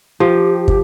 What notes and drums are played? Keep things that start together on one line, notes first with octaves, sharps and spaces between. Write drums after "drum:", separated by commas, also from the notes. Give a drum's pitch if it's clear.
F3 G4
drum: kick